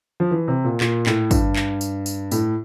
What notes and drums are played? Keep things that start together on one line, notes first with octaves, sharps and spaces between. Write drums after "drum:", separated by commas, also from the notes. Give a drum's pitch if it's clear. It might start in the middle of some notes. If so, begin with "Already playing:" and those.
F3
E3
C3
A#2
A#2, drum: clap
A2, drum: clap
G2, drum: kick, tambourine
drum: clap
drum: tambourine
drum: tambourine
A2, drum: tambourine